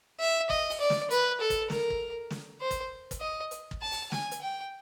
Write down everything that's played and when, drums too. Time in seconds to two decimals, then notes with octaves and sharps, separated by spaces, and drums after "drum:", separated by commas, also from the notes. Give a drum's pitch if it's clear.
0.20 E5
0.50 D#5, drum: kick
0.70 drum: open hi-hat
0.80 D5
0.90 drum: snare
1.11 B4, drum: hi-hat
1.41 A4
1.50 drum: kick, hi-hat
1.70 A#4, drum: snare
1.90 drum: kick
2.30 drum: snare
2.61 C5
2.71 drum: kick, hi-hat
3.11 drum: kick, hi-hat
3.21 D#5
3.51 drum: hi-hat
3.71 drum: kick
3.81 A5
3.91 drum: open hi-hat
4.12 G#5, drum: snare
4.31 drum: hi-hat
4.41 G5